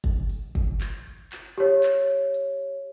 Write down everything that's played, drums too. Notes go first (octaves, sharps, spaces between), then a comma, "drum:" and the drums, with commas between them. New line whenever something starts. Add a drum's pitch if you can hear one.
drum: kick
drum: open hi-hat
drum: kick
drum: clap
drum: clap
G4 C#5
drum: clap
drum: hi-hat